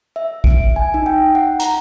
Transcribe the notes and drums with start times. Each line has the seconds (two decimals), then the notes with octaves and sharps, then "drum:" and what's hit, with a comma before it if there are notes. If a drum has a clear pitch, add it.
0.16 E5
0.44 D7, drum: kick A1
0.76 G#5
0.94 D#4
1.06 G5
1.35 F#5
1.60 A#5, drum: hi-hat